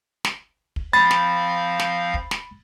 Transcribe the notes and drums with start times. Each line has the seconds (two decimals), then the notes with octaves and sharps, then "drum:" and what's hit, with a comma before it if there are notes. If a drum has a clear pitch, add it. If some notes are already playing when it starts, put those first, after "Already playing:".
0.25 drum: snare
0.76 drum: kick
0.93 F3 C4 F5 B5 A6
1.11 drum: snare
1.80 drum: snare
2.14 drum: kick
2.31 drum: snare